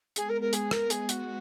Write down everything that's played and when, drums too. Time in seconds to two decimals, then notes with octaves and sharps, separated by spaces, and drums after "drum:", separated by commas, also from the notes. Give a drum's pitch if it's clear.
0.16 G#3 B3 G#4, drum: hi-hat
0.29 A#4
0.41 A#4
0.53 G#4, drum: hi-hat
0.71 A#4, drum: rim click
0.90 G#4, drum: hi-hat
1.09 F#4, drum: hi-hat